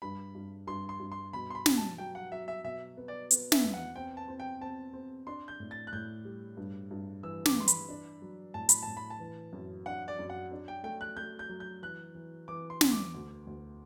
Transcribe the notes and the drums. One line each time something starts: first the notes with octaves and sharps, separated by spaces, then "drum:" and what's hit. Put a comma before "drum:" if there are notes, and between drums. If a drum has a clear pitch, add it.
G2 B5
G2
G2 C6
C6
G2
C6
B2 B5
C6
B5
B2, drum: snare
A5
F#3 G5
F#5
F#3 E5
E5
B2 E5
B3
D5
B3, drum: hi-hat
E5, drum: snare
E2
F#5
C4 G5
A5
C4
G5
C4 A5
C4
D4 C6
G6
A2
A6
F#6
A2 G6
G3
G2
G2
E3 E6
D6, drum: snare
E3 C6
B5, drum: hi-hat
D4
F#3
A2 A5
B5, drum: hi-hat
A2 A5
B5
A5
E3
F#2
D4 F#5
D5
F#2
F#5
D4
G5
A3 G5
F#6
A3 G6
G6
F#3
G6
E3 F#6
E3
E3 D6
C6
E2, drum: snare
D6
D2
D2